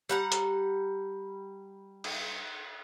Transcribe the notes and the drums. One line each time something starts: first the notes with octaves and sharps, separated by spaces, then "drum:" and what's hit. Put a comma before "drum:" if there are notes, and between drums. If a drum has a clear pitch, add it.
G3 F#5 A#5
drum: hi-hat
drum: cymbal